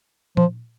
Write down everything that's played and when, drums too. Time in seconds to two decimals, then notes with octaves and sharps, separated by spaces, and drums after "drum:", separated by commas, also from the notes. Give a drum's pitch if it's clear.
0.37 F3, drum: tom A#2